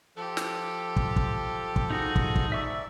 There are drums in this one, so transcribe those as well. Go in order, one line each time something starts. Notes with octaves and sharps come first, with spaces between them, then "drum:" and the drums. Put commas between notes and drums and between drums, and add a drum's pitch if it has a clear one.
F3 G4 A4
drum: snare
drum: kick
drum: kick
drum: kick
D#4 F#4 G#4
drum: kick
drum: kick
G#2 D5 E5 C#6 E6